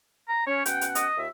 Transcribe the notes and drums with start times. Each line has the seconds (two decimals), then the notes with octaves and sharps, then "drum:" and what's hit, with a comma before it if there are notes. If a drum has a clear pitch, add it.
0.28 A#5
0.47 C#4 C#5
0.66 B2 C#4 F#5 G5, drum: hi-hat
0.81 drum: hi-hat
0.95 D#5, drum: hi-hat
1.16 D#2 F4 E5